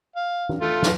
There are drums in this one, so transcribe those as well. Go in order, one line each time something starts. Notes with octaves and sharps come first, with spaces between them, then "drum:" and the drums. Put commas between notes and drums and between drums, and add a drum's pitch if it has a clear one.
F5
drum: tom
A3 F4
drum: snare